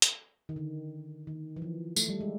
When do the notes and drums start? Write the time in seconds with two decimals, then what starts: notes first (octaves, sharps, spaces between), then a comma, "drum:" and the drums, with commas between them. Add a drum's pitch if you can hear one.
0.02 drum: hi-hat
0.49 D#3
0.56 D3
1.27 D#3
1.56 E3
1.62 F3
1.96 A3, drum: tambourine
2.09 G3
2.21 G#3